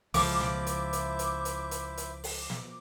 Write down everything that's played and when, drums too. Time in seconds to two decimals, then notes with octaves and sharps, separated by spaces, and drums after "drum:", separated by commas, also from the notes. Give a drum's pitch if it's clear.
0.14 C#2 F3 E4 C5 E5 D6, drum: open hi-hat
0.40 drum: snare
0.67 drum: hi-hat
0.93 drum: hi-hat
1.19 drum: hi-hat
1.45 drum: hi-hat
1.71 drum: hi-hat
1.97 drum: hi-hat
2.24 drum: open hi-hat
2.50 drum: snare